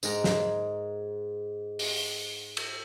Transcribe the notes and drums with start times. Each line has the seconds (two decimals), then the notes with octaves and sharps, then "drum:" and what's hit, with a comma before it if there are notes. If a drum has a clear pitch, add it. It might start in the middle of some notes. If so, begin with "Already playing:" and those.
0.03 G#2 G#3 A#4 A#5, drum: tambourine
0.24 drum: snare
1.79 drum: open hi-hat
2.57 drum: cymbal